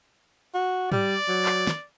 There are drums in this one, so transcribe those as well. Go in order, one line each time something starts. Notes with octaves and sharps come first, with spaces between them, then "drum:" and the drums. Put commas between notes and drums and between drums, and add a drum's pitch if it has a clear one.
F#4
G3 D5, drum: tom
F#3
drum: clap
drum: snare